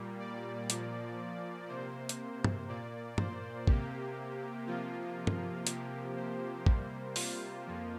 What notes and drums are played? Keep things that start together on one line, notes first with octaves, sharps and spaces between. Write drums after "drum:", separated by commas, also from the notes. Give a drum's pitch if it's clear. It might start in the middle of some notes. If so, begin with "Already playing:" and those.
Already playing: A#2 G3 A#3
D5
A#2 F3 A#3, drum: hi-hat
C3 A#3 C5
drum: hi-hat
drum: tom
A#2 A#3 D5
C5, drum: tom
C3 A#3 G4, drum: kick
C3 F3 A#3 F4
drum: tom G2
C3 F3 A#3 G4, drum: hi-hat
C5
C3 G3 A#3, drum: kick
F4, drum: open hi-hat
F2 F3 A#3